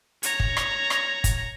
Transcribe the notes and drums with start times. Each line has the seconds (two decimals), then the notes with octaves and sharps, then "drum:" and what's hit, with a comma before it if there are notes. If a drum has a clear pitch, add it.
0.23 C#5 A#5, drum: hi-hat
0.40 drum: kick
0.57 drum: rim click
0.90 drum: rim click
1.24 drum: kick, hi-hat